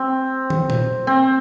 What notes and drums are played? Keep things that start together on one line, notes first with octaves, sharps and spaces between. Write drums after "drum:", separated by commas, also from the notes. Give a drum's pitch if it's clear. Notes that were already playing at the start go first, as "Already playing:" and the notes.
Already playing: C4
drum: tom
drum: tom A#2
C4